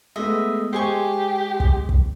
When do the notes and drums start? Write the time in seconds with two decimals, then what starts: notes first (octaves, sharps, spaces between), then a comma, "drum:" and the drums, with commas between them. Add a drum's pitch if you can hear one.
0.16 G#3 A3 B3 D#5 E5
0.73 G#3 G4 G#4 C5 G#5 C#6
1.60 drum: kick
1.89 drum: kick